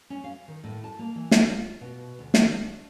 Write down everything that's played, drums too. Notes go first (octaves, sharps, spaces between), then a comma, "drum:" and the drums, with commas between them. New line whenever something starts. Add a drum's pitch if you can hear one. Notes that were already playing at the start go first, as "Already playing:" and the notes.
C#4
F5
D#3
A2
A5
A#3
E3
drum: snare
F4
B2
D2
D#3, drum: snare
D4